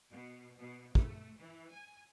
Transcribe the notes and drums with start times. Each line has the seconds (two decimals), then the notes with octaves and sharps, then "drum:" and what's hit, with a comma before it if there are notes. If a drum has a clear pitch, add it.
0.11 B2
0.59 B2
0.95 A3, drum: kick
1.38 E3
1.72 G#5